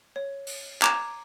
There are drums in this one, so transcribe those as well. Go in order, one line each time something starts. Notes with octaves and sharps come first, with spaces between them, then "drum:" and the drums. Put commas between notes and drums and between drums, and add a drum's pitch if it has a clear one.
C#5
drum: open hi-hat
A#5 D6 G#6 E7 F7, drum: clap